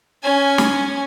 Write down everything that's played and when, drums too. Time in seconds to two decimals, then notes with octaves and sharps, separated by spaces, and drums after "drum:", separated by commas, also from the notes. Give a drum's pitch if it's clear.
0.23 C#4 G#5
0.58 drum: snare